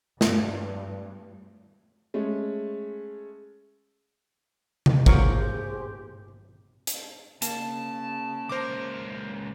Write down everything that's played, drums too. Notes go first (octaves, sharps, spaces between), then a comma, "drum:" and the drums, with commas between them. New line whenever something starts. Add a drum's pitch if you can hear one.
G2, drum: snare
G#3 A3 C#4
drum: tom C3
F#3 F4 G4 G#4 A#4 C5 C#5 C#6, drum: kick G#1
drum: hi-hat
C#3 A#3 A5, drum: hi-hat
C#2 A#4 C5 D6